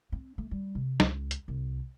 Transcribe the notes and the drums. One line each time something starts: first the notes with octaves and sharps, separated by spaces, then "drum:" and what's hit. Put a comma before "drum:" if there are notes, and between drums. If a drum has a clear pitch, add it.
C4
A3
G3
C3
C#2, drum: snare
drum: hi-hat
C2